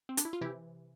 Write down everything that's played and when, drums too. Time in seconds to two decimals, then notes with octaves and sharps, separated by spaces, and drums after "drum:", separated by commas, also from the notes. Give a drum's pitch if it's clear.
0.09 C4
0.17 D4, drum: hi-hat
0.25 E4
0.33 F4
0.41 C3 E3 E4 G4